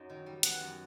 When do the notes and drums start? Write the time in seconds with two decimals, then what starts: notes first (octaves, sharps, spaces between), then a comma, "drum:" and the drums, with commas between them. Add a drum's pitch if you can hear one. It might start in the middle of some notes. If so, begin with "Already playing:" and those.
Already playing: F#2 F#3 D#4
0.10 D#3
0.26 G3
0.43 B3 F#5, drum: hi-hat
0.61 F#2